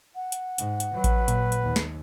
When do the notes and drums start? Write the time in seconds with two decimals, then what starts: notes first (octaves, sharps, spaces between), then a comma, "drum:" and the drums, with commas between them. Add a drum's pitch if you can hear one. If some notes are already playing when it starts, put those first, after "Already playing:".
0.15 F#5
0.32 drum: hi-hat
0.58 G#2, drum: hi-hat
0.80 drum: hi-hat
0.94 F#3 B4
1.04 drum: kick A1, hi-hat
1.28 A#2, drum: hi-hat
1.52 drum: hi-hat
1.62 D#2
1.76 drum: snare